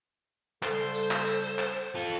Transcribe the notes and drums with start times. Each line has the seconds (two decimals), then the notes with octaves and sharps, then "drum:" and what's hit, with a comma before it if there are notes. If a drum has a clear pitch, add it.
0.63 C#3 G3 A4 C5, drum: clap
0.95 drum: tambourine
1.11 drum: clap
1.27 drum: tambourine
1.59 drum: clap
1.95 F4 A4